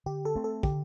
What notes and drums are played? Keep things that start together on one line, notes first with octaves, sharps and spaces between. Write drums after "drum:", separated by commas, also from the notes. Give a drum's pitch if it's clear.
D3 G4
A4
A3 C4
A4
D3 G4, drum: kick